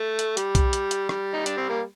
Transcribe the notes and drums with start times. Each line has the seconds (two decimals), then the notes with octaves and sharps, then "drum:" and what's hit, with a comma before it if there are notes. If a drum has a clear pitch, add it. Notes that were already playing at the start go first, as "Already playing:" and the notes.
Already playing: A3
0.19 drum: hi-hat
0.37 G3, drum: hi-hat
0.55 drum: kick B1, hi-hat
0.73 drum: hi-hat
0.91 drum: hi-hat
1.09 G3, drum: rim click
1.34 D#4
1.46 D4, drum: hi-hat
1.57 C4
1.69 A#3